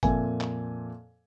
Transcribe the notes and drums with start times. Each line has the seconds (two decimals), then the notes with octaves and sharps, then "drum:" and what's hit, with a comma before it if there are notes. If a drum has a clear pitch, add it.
0.03 F2 A#2 E5 G#5, drum: kick, hi-hat
0.41 drum: clap